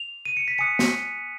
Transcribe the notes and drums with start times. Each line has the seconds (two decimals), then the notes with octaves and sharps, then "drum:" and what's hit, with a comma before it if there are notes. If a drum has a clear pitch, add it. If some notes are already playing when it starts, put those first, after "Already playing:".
Already playing: F7
0.25 D#7
0.37 C#7
0.48 B6
0.58 G#5 D#6 F#6 C#7
0.79 drum: snare